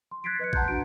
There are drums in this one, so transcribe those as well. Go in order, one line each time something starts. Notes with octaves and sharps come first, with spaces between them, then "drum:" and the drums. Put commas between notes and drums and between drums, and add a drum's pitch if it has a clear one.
C6
F#6 G#6 A6 B6 C7 D7
B4 D#5 F#6 G#6 C#7
F#5 A5 A#5 C6 F#6 G6, drum: kick
D4 F#4 D7